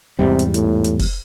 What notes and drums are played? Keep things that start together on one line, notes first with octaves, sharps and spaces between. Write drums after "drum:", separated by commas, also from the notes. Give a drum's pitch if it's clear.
E2 G#2 C3 G3
drum: hi-hat
A2, drum: hi-hat
drum: hi-hat
drum: kick F1, open hi-hat